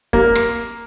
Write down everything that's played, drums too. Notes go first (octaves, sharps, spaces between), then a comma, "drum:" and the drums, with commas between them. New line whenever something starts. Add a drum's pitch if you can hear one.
A#3, drum: kick
drum: rim click